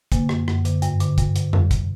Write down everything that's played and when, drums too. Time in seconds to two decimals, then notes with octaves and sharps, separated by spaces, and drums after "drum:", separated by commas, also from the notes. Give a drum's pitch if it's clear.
0.12 D3 A#3, drum: kick, hi-hat
0.29 F#2, drum: rim click
0.48 F#2, drum: rim click
0.65 D3, drum: hi-hat
0.82 G2, drum: hi-hat
1.00 D3, drum: hi-hat
1.18 G2, drum: kick, hi-hat
1.36 D3, drum: hi-hat
1.53 F#2, drum: tom F2
1.71 drum: kick, hi-hat